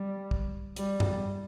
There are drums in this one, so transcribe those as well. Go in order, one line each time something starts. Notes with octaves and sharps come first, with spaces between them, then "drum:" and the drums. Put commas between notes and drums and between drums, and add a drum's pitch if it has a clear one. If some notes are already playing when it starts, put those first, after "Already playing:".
Already playing: G3
drum: kick
G3, drum: hi-hat
drum: tom F#2